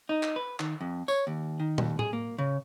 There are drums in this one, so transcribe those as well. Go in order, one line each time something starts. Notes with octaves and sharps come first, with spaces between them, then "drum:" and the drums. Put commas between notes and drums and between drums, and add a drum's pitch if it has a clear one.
D#4
drum: clap
B4
D#3, drum: clap
F2
C#5, drum: tambourine
D#2
D#3
D#2, drum: tom
G#4, drum: tom A2
A#3
C#3